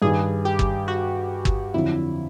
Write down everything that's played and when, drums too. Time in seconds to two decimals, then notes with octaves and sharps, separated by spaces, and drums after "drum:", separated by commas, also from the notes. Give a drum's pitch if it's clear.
0.02 G2 D#3 G3 G#4
0.45 G4
0.59 drum: kick
0.88 F#4
1.45 drum: kick
1.74 F2 D3 F#3 E4